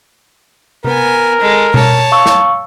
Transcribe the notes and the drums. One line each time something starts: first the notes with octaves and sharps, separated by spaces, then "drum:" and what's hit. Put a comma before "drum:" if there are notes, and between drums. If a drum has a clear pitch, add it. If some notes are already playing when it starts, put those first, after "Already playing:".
B3 A#4 G#5, drum: tom C3
G#3 A4
C#5 A5, drum: tom B2
F5 C#6 E6
drum: snare